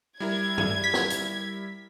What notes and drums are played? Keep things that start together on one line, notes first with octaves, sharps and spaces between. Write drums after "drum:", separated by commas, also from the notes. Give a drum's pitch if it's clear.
G3 E4 A#4 G#6
drum: tom
B6
drum: snare
drum: hi-hat